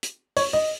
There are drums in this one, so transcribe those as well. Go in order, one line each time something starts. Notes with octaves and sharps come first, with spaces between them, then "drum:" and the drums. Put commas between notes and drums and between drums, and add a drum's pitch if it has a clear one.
drum: hi-hat
C#5, drum: open hi-hat
D#5